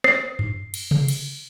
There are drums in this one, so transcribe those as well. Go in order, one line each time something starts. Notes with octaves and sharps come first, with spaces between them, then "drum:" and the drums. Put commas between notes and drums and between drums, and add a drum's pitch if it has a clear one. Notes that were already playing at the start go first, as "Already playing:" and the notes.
C7, drum: rim click
drum: tom F#2
drum: cymbal
drum: tom C3
drum: cymbal